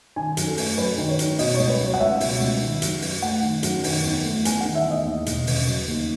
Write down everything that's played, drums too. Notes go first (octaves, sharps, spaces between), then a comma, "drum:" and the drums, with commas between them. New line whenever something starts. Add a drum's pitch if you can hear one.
D#3 G#5
F#2, drum: hi-hat
A4
A3, drum: open hi-hat
F#2 B4
D#3
C#5
F#2, drum: hi-hat
B2 D#5, drum: open hi-hat
C#2 C#5
B4
F#3 C#5
F#5
C#2 E5
B2, drum: open hi-hat
C#2
D#3
F#2, drum: hi-hat
F#3, drum: open hi-hat
A3 F#5
D#3
F#2, drum: hi-hat
D#3, drum: open hi-hat
E2
A3
E2 G#5, drum: hi-hat
D#3 F#5
E5
E2
D#5
D#2
E1, drum: hi-hat
C#3, drum: open hi-hat
F#3
D#2